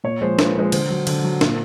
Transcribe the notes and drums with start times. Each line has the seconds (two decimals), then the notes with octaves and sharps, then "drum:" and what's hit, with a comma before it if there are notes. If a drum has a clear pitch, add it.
0.04 A#2 C#5
0.21 F3 G#3 C5
0.39 A#2 B4, drum: snare
0.55 F3 G#3 B4
0.72 D3 C5, drum: cymbal
0.90 F#3
1.07 D3, drum: cymbal
1.24 F#3
1.41 A#2, drum: snare